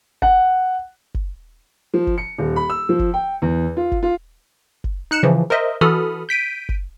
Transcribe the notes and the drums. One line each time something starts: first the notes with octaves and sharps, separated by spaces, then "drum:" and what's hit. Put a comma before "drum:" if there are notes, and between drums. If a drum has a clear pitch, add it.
F#5, drum: kick F#1
drum: kick F#1
F3
drum: kick F#1
C#7
D#1
B5
E6
F3
drum: kick F#1
G5
E2
F4
drum: kick F#1
F4
drum: kick F#1
D#4 F#6 C#7 E7
C#3 E3 F3
A#4 C5 D#5 E5
E3 F#4 A4 B5 D#6 F6
G6 B6 D7 D#7
drum: kick F#1